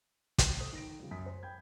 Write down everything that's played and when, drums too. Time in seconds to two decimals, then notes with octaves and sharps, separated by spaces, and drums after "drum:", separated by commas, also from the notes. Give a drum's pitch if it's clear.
0.38 drum: kick, hi-hat
0.60 A4 C5 D#6
0.73 D#3 A#6 D7
0.99 C#3 F3 G3
1.11 F#2 D#6 B6
1.26 C5
1.43 G5 B5 G6 G#6